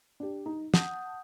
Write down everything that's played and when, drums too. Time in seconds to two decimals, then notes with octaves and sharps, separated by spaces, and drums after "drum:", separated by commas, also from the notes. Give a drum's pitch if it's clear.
0.20 D4 G4
0.46 D#4
0.74 F#5 A5 D#6 G6, drum: snare